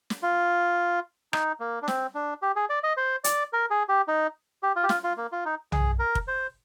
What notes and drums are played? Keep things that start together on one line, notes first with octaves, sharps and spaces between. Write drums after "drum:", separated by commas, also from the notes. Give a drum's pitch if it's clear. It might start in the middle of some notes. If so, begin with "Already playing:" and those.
drum: snare
F4
D#4, drum: rim click
A#3
D4
C4, drum: snare
D4
G4
G#4
D5
D#5
C5
D5, drum: hi-hat
A#4
G#4
G4
D#4
G4
F4
G4
F4, drum: snare
F4
A#3
F4
D#4
G#4, drum: tom
A#4
drum: kick
C5